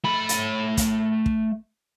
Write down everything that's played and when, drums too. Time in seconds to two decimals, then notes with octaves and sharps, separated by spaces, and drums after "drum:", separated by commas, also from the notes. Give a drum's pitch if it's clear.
0.05 A3 B5
0.29 drum: hi-hat
0.77 drum: kick, hi-hat
1.26 drum: kick